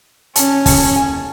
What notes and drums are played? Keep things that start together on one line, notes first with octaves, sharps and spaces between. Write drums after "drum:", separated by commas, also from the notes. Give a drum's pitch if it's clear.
C#4 A5, drum: hi-hat
A5, drum: kick, open hi-hat
G#5